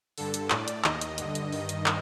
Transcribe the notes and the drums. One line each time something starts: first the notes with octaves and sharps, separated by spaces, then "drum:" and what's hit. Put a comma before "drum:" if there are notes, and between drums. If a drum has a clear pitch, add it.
G2 D3 A4, drum: open hi-hat
drum: hi-hat
A2 D5, drum: clap
drum: hi-hat
D#2 D#3 D#5, drum: clap
drum: hi-hat
G2 D3, drum: hi-hat
drum: hi-hat
G2 D#3, drum: open hi-hat
drum: hi-hat
drum: clap